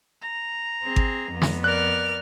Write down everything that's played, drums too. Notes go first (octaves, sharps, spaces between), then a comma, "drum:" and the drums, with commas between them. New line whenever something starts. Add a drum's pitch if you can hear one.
A#5
C4 G#4
drum: kick G#1
F2 B3
drum: snare
A#4 D5 F6 F#6